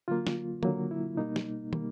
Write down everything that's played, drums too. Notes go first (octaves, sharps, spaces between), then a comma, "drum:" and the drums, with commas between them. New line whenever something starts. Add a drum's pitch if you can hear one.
D3 F#3 A#3 F4
drum: snare
D3 F#3 A#3, drum: tom
E4
B2 G3 A#3 D#4
drum: snare
B2 G3 A#3, drum: tom